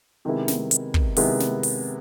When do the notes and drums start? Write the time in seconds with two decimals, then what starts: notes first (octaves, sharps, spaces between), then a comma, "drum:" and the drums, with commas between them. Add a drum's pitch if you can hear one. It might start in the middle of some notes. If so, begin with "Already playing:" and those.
0.25 C3 D#3 G#3 B3 E4
0.48 drum: snare
0.71 drum: hi-hat
0.94 drum: kick
1.17 C3 D#3 G#3 B3 E4, drum: open hi-hat
1.40 drum: snare
1.63 drum: open hi-hat